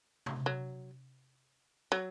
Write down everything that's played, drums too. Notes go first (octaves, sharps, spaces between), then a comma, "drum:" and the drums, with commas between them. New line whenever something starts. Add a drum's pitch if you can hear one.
drum: tom C3
F#3
F#3